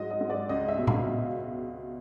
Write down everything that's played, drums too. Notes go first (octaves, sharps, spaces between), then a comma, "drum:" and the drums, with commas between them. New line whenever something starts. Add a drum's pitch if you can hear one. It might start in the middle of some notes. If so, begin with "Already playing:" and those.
Already playing: G#2 F#3 D#5
D#5
G#2
D5
C#2 D#5
E5
B2
F5, drum: tom A#2